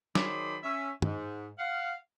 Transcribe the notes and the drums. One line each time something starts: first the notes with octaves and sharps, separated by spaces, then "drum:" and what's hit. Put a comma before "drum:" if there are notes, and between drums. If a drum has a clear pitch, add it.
D#3 F#3 G#4 C5 D5 B5, drum: snare
C#4 E5
G#2, drum: tom
F5 F#5